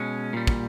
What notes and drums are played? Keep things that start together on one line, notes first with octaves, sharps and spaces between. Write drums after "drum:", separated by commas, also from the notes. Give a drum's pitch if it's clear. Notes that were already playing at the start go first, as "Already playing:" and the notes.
Already playing: B2 G#3 C#4
A#2 G3
drum: kick